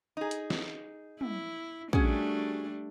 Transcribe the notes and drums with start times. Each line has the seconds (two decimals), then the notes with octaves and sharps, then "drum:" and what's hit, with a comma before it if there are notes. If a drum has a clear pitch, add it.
0.17 D#4 G#4
0.31 drum: hi-hat
0.50 drum: snare
1.21 E4, drum: tom
1.93 G3 A3 C#4 D4 F#4 G#4, drum: kick